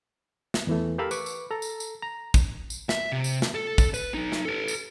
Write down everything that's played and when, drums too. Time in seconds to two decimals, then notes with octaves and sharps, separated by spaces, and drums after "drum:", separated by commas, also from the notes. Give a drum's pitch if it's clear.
0.54 drum: snare
0.67 E2 E3 A3
0.98 G4 A4 A#4 F5 B5 E6
1.11 B4 C#6 D6, drum: tambourine
1.26 drum: tambourine
1.51 A4 A#5
1.62 drum: tambourine
1.80 drum: tambourine
2.02 A#5
2.34 drum: kick, tambourine
2.70 drum: tambourine
2.89 E5, drum: snare
3.12 C3
3.24 drum: tambourine
3.42 drum: snare
3.55 A4
3.78 drum: kick, tambourine
3.94 B4, drum: tambourine
4.14 F#3 D#4
4.32 drum: snare
4.45 A4 B4
4.68 drum: tambourine